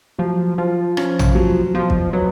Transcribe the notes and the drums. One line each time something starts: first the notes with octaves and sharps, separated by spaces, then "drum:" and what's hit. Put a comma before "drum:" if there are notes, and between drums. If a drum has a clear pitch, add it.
F3 F#3
F3 F4
C#4, drum: rim click
drum: tom A#1
F#3
B2 F3
drum: kick
F#3 B3